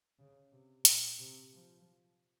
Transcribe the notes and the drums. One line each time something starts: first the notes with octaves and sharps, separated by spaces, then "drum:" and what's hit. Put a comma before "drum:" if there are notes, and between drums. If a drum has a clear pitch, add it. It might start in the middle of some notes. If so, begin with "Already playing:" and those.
C#3
C3
A#2, drum: hi-hat
C3
F3